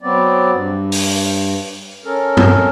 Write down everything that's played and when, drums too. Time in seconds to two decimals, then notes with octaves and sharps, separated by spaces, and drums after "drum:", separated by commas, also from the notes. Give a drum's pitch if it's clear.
0.02 F#3 B3 C4 D5
0.51 G2
0.92 drum: open hi-hat
2.05 C#4 A4 A#4
2.37 drum: tom